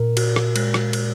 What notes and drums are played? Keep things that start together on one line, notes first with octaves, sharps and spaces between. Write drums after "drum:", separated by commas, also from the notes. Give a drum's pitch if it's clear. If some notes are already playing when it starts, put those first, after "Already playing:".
Already playing: A#2 A#4
F#4, drum: cymbal
drum: rim click
G#3, drum: cymbal
drum: rim click
drum: cymbal